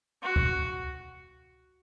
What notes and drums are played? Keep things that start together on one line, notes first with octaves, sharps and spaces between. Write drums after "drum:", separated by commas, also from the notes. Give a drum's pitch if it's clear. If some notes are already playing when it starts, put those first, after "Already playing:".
F#4
drum: kick C#2